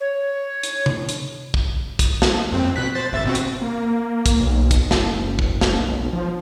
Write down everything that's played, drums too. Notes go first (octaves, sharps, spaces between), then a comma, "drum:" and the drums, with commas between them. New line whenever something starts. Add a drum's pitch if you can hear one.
C#5
drum: hi-hat
drum: tom C3
drum: hi-hat
drum: kick
drum: kick, hi-hat
drum: snare
F2 C4
B2 F#6 B6
C5 A6
G1 E5 A6
B2 C4 F#4
drum: hi-hat
A#3
drum: kick, hi-hat
B1
drum: kick, hi-hat
F#1, drum: snare
drum: kick
drum: snare
B1
F3